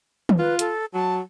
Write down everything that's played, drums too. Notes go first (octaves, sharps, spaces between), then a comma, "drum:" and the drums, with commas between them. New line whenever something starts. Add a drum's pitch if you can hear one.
drum: tom
F4 B4
A4, drum: hi-hat
F#3 A5